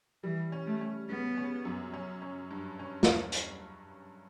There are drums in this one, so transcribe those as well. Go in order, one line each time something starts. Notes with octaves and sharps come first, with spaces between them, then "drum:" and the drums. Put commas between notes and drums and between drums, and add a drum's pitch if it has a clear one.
E3 G3
C#4
A3
C#4
C#3 B3
C#4
F#2
C#4
C#4
G2
C#4
drum: snare
drum: hi-hat